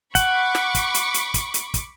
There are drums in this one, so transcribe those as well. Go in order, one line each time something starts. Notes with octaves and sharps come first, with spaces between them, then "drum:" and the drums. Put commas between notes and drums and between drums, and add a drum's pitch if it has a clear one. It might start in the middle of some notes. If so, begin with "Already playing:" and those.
F#5 B5 C#6 D6, drum: kick, hi-hat
drum: snare
drum: kick, hi-hat
drum: hi-hat
drum: hi-hat
drum: kick, hi-hat
drum: hi-hat
drum: kick, hi-hat